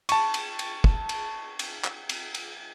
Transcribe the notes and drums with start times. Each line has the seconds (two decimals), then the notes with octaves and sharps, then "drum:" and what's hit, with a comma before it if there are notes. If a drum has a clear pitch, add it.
0.09 A5 C#6, drum: cymbal
0.34 drum: cymbal
0.59 drum: cymbal
0.84 drum: kick
1.09 drum: cymbal
1.59 drum: cymbal
1.84 drum: clap
2.09 drum: cymbal
2.35 drum: cymbal